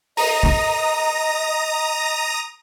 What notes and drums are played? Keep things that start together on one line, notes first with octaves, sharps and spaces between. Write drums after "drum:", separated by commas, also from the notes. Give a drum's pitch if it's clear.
D#5 A#5 D#6 A#6, drum: open hi-hat
drum: kick